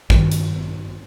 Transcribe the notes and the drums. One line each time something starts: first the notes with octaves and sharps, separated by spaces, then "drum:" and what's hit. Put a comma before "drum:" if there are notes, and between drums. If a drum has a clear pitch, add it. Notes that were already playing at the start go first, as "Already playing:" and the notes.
G2 D#3, drum: kick
drum: hi-hat